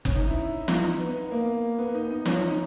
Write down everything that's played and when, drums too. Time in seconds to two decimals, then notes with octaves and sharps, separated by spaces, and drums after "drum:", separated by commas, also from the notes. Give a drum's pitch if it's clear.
0.05 C#4, drum: kick F#1
0.16 D#4
0.27 E4
0.68 D#4, drum: snare
0.99 B3
1.31 A#3
1.78 B3
1.95 D#4
2.10 D#4
2.26 C#4, drum: snare
2.36 D#4
2.47 D#4